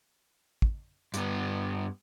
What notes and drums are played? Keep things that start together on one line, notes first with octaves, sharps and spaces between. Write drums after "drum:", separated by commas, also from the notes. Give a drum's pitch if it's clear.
drum: kick
G2 B3, drum: hi-hat